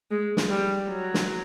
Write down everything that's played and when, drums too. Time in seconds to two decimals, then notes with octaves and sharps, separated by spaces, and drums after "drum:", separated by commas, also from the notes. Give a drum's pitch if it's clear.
0.11 G#3
0.37 drum: snare
0.50 G3
0.89 F#3
1.14 drum: snare